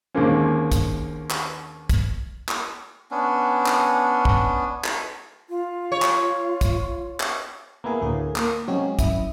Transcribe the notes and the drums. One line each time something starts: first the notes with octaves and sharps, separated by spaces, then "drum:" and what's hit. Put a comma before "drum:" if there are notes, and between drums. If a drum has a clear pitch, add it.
D#2 D3 G#3 A#3 C4 C#4
drum: kick, hi-hat
drum: clap
drum: kick, hi-hat
drum: clap
B3 C#4 D4
drum: clap
drum: kick
drum: clap
F4
C#5
drum: clap
drum: kick, hi-hat
drum: clap
A#3 B3 E4 G#4
D2 A2 A#3 G#4
A#3, drum: clap
C3 F#3 G#3 C#4 G4 G#4
F#2 E4 D#6, drum: kick, hi-hat